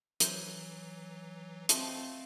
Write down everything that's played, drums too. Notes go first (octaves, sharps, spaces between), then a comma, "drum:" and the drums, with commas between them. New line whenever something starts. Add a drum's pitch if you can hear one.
E3 F#3 E4 C5, drum: hi-hat
F3 G#3 A3 C4, drum: hi-hat